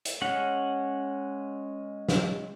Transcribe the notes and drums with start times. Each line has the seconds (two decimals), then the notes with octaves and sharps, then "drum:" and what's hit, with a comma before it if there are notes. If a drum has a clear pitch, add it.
0.05 drum: hi-hat
0.22 G#3 C#4 F#5
2.09 drum: snare